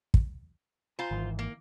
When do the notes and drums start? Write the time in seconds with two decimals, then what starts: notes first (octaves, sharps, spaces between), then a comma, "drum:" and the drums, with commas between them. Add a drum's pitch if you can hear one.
0.14 drum: kick
0.99 F4 C5 G#5 A#5 B5
1.11 G#1 D#3 E3
1.39 A#3